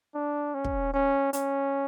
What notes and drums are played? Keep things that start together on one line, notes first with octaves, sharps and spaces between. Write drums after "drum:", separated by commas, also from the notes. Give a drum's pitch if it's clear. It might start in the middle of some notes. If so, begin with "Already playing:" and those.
D4
C#4
drum: kick
C#4
C#4, drum: hi-hat